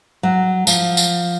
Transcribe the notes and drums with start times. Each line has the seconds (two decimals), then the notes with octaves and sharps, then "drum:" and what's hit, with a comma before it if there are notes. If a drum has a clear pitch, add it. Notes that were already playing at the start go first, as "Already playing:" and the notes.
0.23 F#3
0.67 F3, drum: tambourine
0.97 drum: tambourine